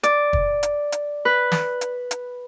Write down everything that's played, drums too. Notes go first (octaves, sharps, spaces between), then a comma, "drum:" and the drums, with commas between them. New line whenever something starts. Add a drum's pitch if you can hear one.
D5, drum: hi-hat
drum: kick
drum: hi-hat
drum: hi-hat
B4
drum: snare
drum: hi-hat
drum: hi-hat